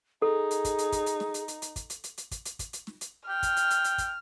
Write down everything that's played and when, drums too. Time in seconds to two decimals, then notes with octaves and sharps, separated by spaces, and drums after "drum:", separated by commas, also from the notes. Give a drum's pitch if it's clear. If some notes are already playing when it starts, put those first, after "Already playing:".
0.22 D#4 G#4 A4
0.51 drum: hi-hat
0.65 drum: kick, hi-hat
0.78 drum: hi-hat
0.92 drum: kick, hi-hat
1.06 drum: hi-hat
1.20 drum: snare
1.34 drum: hi-hat
1.48 drum: hi-hat
1.62 drum: hi-hat
1.76 drum: kick, hi-hat
1.90 drum: hi-hat
2.04 drum: hi-hat
2.17 drum: hi-hat
2.31 drum: kick, hi-hat
2.45 drum: hi-hat
2.59 drum: kick, hi-hat
2.73 drum: hi-hat
2.87 drum: snare
3.01 drum: hi-hat
3.29 G5 F6
3.43 drum: kick, hi-hat
3.57 drum: hi-hat
3.70 drum: hi-hat
3.84 drum: hi-hat
3.98 drum: kick, hi-hat